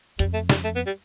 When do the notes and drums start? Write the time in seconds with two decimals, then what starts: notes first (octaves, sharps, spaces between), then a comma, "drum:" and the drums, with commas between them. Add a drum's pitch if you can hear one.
0.19 F2 G3, drum: hi-hat
0.34 A3
0.50 G3, drum: snare
0.64 A3
0.75 B3
0.86 G3